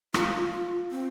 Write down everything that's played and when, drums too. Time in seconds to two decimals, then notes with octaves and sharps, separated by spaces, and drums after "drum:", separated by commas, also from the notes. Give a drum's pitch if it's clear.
0.14 F4, drum: rim click
0.50 F4
0.91 C4